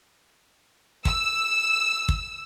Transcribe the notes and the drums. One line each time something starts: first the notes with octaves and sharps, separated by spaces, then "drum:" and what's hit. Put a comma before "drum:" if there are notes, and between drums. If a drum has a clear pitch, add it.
E6, drum: kick
drum: kick